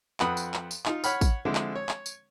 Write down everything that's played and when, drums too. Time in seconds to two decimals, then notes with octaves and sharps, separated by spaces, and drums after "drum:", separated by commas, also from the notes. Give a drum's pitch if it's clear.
0.20 F2 B4 F#5 B5 D#6, drum: clap
0.37 drum: tambourine
0.54 drum: clap
0.71 drum: tambourine
0.86 D#4 F4, drum: clap
1.04 C#5 F#5 B5 F6, drum: tambourine
1.21 drum: kick, tambourine
1.45 D3 F3 G#3 C4 D4 E4
1.55 drum: clap
1.75 C#5
1.89 drum: clap
2.06 drum: tambourine